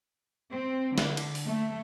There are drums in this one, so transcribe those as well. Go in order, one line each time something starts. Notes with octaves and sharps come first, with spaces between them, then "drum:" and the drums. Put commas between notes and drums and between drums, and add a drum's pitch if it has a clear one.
C4
D3, drum: snare
drum: cymbal
drum: open hi-hat
A3